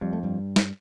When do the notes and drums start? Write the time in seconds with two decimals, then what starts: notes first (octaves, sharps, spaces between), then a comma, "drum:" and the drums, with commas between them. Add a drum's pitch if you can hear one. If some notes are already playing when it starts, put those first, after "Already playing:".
0.01 F2 G3
0.13 A3
0.23 G2 G3
0.56 drum: snare